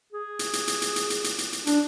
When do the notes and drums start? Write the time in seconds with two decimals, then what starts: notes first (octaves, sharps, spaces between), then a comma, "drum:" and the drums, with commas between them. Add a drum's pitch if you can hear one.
0.13 G#4
0.39 drum: hi-hat
0.53 drum: hi-hat
0.68 drum: hi-hat
0.82 drum: hi-hat
0.96 drum: hi-hat
1.10 drum: hi-hat
1.24 drum: hi-hat
1.38 drum: hi-hat
1.53 drum: hi-hat
1.67 D4, drum: hi-hat